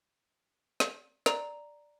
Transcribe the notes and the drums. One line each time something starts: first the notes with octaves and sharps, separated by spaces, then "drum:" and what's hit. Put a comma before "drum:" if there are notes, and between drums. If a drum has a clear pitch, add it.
drum: snare
D5 A#5, drum: snare